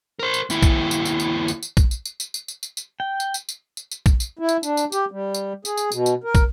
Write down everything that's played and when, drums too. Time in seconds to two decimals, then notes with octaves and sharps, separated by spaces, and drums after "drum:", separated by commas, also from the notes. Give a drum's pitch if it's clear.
0.19 A#4 C5
0.34 drum: tambourine
0.50 D#2 E4, drum: tambourine
0.62 drum: kick, tambourine
0.91 drum: tambourine
1.05 drum: tambourine
1.20 drum: tambourine
1.48 drum: tambourine
1.63 drum: tambourine
1.77 drum: kick, tambourine
1.91 drum: tambourine
2.05 drum: tambourine
2.20 drum: tambourine
2.34 drum: tambourine
2.48 drum: tambourine
2.63 drum: tambourine
2.77 drum: tambourine
3.00 G5
3.20 drum: tambourine
3.34 drum: tambourine
3.49 drum: tambourine
3.77 drum: tambourine
3.91 drum: tambourine
4.06 drum: kick, tambourine
4.20 drum: tambourine
4.39 E4
4.49 drum: tambourine
4.63 D4, drum: tambourine
4.77 drum: tambourine
4.92 G4, drum: tambourine
5.11 G3
5.34 drum: tambourine
5.65 G#4, drum: tambourine
5.77 drum: tambourine
5.92 B2, drum: tambourine
6.06 drum: tambourine
6.24 A#4
6.35 drum: kick, tambourine